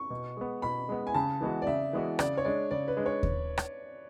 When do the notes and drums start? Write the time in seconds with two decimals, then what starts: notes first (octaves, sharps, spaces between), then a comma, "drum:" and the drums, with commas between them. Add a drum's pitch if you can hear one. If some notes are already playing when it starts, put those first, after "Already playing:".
Already playing: C#6
0.10 B2
0.37 G#3 B3
0.62 B2 B5
0.89 G#3 B3
1.07 G#5
1.14 C#3 A5
1.41 E3 G#3 B3 F#4
1.62 D5
1.66 C#3 E5
1.93 E3 G#3 B3 F#4
2.19 C#3 D5, drum: rim click
2.37 C#5
2.45 G#3 D4 D5
2.71 C#3 D5
2.88 B4
2.97 G#3 D4
3.06 C#5
3.23 drum: kick D#2
3.58 drum: rim click